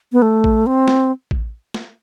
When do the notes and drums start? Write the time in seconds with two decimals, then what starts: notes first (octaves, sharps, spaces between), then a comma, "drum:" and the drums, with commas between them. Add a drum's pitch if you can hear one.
0.13 B3
0.22 A3
0.44 drum: kick A1
0.66 C4
0.88 drum: snare
1.31 drum: kick A1
1.74 drum: snare